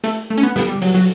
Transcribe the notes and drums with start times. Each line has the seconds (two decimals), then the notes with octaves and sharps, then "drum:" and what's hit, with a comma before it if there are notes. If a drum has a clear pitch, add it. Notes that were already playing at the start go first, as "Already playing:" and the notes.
0.04 A3, drum: hi-hat
0.30 A3
0.37 C#4
0.43 B3
0.56 B3, drum: snare
0.68 G3
0.82 F#3, drum: open hi-hat
0.94 F#3